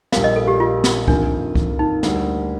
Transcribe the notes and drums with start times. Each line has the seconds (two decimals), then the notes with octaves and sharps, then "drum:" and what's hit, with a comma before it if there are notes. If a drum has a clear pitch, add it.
0.12 A#1 A#2 G3 A#3 F5, drum: snare
0.24 D#5
0.36 A4
0.48 G4
0.60 F4
0.84 drum: snare
1.08 F2 D#3 A#3 D4 F4, drum: kick C2
1.55 drum: kick C2
1.79 D#4
2.03 D2 D3 G3 A#3 D4, drum: snare